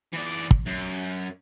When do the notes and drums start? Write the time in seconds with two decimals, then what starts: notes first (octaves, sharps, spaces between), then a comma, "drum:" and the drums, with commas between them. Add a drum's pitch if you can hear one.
0.13 E3 D5
0.51 drum: kick
0.66 F#2